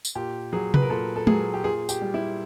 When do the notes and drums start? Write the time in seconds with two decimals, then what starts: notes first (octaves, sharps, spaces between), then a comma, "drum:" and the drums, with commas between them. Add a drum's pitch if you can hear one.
0.05 drum: tambourine
0.15 A#2 G4
0.53 F#3 G#4
0.74 B4, drum: tom C3
0.82 A#4
0.90 A#2 A4
1.16 A4
1.27 F#3 G#4, drum: tom G#3
1.54 G4
1.64 A#2 G#4
1.89 G4, drum: tambourine
2.02 G3
2.14 E4